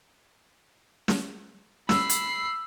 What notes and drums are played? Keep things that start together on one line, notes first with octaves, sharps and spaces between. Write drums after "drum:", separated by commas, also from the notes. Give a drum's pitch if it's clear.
drum: snare
B5 E6 C7, drum: snare
drum: hi-hat